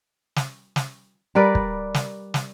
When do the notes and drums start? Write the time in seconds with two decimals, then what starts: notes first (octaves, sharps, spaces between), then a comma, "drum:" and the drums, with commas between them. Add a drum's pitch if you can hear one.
0.36 drum: snare
0.76 drum: snare
1.35 G3 A#4 B4 D5
1.55 drum: kick
1.94 drum: snare
2.34 drum: snare